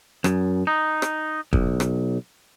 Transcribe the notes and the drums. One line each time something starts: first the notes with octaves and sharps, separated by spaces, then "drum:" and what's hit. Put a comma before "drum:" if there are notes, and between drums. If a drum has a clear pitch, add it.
F#2, drum: rim click
D#4
drum: rim click
B1, drum: kick
drum: rim click